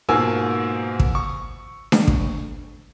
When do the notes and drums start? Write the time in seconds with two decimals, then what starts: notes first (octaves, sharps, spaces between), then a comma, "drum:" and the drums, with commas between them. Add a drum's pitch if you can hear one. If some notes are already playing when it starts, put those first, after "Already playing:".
0.09 G#2 B2 A#3 F4 G#5 E6
1.00 drum: kick
1.15 C#6
1.92 drum: snare D4
2.07 drum: kick